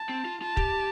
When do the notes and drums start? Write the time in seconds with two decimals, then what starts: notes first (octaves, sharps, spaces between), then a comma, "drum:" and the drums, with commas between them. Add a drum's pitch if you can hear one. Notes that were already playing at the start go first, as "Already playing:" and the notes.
Already playing: A5
0.09 C4
0.25 F4
0.41 F4 A5
0.57 G4, drum: kick